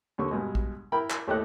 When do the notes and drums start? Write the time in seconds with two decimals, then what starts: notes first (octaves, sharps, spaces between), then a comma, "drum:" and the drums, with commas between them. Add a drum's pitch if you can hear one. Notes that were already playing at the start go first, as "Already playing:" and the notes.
0.18 D#2 D3 C#6
0.31 G2 B2 G#3
0.55 drum: kick
0.92 E4 A#4 G5 B5
1.10 drum: clap
1.27 D#2 A2 G4 A4 D#5 F#6